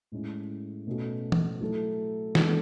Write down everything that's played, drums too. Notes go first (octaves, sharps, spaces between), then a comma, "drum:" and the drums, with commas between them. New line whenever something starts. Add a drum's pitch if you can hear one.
A2 G#3 C#4 E4
B2 A3 C#4 F#4 A4
drum: tom E3
F#3 A3 E4 A4
E3 G#3 B3 D4 A4, drum: snare